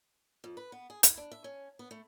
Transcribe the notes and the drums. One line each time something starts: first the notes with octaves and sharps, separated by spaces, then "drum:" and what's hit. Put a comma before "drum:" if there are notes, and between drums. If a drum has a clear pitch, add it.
F2
B4
B3
G#4
E4, drum: hi-hat
D4
E5
C#4
B3
A3